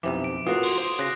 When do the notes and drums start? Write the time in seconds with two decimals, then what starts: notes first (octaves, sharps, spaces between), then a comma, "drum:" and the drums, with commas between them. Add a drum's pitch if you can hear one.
0.03 B1 F2 C3 E3 D6
0.24 D7
0.47 A2 F4 F#4 A#4 B4 D#6 C7
0.63 C6, drum: open hi-hat
0.78 C5
0.99 C#3 F#6 A#6 C7